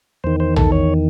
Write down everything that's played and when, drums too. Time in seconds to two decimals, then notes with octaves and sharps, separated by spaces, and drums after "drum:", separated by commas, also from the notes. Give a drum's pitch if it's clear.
0.24 E2 D#3 C5
0.40 C5
0.56 A4, drum: tom A#1
0.72 C#5